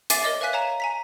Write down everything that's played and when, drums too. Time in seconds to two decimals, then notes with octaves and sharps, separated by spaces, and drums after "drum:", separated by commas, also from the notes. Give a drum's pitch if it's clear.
0.10 E5 G#5 D6 A6 C7 D#7, drum: hi-hat
0.23 A#4 C#5 D#5 D6 A6
0.41 B4 E5 F5 G#5 F#6 B6
0.53 C#5 F5 G#5 A#5 E7
0.80 G#5 A#5 B6